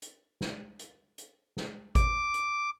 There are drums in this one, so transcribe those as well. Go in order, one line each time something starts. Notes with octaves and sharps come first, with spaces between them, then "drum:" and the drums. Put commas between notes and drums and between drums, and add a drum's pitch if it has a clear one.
drum: hi-hat
drum: snare
drum: hi-hat
drum: hi-hat
drum: snare
D6, drum: kick G#1, hi-hat
drum: hi-hat